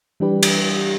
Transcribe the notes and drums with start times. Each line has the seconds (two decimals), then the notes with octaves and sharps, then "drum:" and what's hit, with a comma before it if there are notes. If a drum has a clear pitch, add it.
0.20 E3 G3 D4 G4 B4
0.43 drum: cymbal